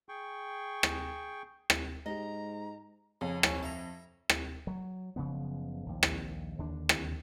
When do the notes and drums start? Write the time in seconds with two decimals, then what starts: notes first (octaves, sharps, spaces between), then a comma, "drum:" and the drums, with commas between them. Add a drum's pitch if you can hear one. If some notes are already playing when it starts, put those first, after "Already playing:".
0.09 G#4 G5 C#6
0.83 drum: rim click
1.70 drum: rim click
2.06 G#2 G4 D#5 A#5
3.21 F2 C#3
3.43 C#4, drum: rim click
3.63 E5 A#5
4.29 drum: rim click
4.67 F#3
5.16 F#1 C#3 F3 B3
5.86 A#1 D#2
6.03 drum: rim click
6.59 D#2 D3 D4
6.89 drum: rim click